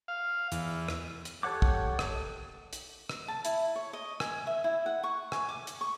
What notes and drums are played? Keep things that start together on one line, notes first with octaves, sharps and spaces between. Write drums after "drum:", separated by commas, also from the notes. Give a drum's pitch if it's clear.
F5
E2, drum: hi-hat
drum: rim click
drum: hi-hat
G4 A4 C#5 F#5 D6
drum: kick
drum: rim click
drum: hi-hat
drum: rim click
A5
E4, drum: hi-hat
C#5
D#5
G#5, drum: rim click
E5
E4
F#5
C#6
G#5, drum: rim click
D6
drum: hi-hat
C#6